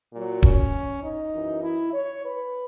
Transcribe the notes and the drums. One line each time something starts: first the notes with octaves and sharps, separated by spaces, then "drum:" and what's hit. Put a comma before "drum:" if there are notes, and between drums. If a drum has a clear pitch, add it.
A#2 F#3
C#4, drum: kick D#1
D#4
F#2 E3
E4
C#5
B4